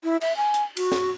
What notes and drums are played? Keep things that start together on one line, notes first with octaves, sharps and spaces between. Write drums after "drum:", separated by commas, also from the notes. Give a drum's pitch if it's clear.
E4
E5, drum: cymbal
G#5
drum: hi-hat
F#4, drum: cymbal
drum: snare